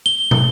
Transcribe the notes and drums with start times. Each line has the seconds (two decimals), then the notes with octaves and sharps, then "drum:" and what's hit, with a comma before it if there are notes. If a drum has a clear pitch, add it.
0.06 G7
0.31 drum: tom